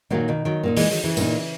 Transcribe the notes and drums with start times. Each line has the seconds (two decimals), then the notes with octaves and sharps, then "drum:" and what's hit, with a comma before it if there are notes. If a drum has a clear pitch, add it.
0.10 A#2 D#3 F#3 A#3 D#4
0.28 B2 D#3
0.45 D#3 F#3
0.63 A#2 A#3 D#4
0.77 E3 G#3, drum: open hi-hat
0.91 D#3 F#3
1.04 C#3 E3
1.17 A#2 A#3 D#4, drum: tambourine